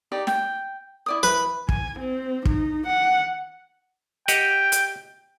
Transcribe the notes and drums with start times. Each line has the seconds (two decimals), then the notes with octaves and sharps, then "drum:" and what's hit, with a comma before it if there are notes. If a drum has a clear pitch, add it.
0.12 D#4 G4 D5
0.27 G5, drum: snare
1.06 E4 D5 D#6
1.23 E4 B4
1.69 G#5, drum: kick
2.00 C4
2.45 D#4, drum: kick
2.87 F#5
4.28 G4 D#5 F#5 G5, drum: hi-hat
4.72 drum: hi-hat